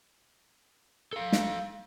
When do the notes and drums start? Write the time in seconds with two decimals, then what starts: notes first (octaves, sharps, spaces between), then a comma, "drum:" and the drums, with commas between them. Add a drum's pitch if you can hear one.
1.13 A4 F5
1.32 drum: snare